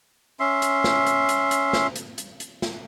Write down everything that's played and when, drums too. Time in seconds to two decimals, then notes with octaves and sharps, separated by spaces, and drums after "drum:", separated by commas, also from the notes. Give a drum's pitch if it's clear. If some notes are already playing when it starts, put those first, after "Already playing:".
0.40 C#4 E5 C6
0.62 drum: hi-hat
0.84 drum: snare
1.07 drum: hi-hat
1.29 drum: hi-hat
1.51 drum: hi-hat
1.73 drum: snare
1.96 drum: hi-hat
2.18 drum: hi-hat
2.40 drum: hi-hat
2.62 drum: snare